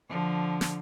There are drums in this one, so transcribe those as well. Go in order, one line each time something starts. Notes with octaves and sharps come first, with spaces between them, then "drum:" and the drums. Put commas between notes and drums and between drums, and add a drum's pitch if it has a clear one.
D3 F3
drum: snare